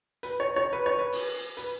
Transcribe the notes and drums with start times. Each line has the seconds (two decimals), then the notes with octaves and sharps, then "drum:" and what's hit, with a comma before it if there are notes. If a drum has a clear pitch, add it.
0.23 B4, drum: hi-hat
0.40 C#5
0.56 C#5
0.73 B4
0.86 C#5
0.99 B4
1.12 drum: open hi-hat
1.57 B4, drum: hi-hat